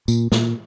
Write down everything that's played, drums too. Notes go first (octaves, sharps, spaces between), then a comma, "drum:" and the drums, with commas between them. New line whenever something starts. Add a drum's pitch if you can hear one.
A#2, drum: tambourine
A#2, drum: snare